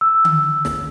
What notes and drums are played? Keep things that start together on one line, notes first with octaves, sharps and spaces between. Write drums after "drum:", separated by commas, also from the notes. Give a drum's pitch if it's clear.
E6
drum: tom D3
drum: snare